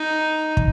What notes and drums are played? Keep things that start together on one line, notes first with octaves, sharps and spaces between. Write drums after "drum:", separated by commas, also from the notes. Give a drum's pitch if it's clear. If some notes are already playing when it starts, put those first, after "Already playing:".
Already playing: D#4
drum: kick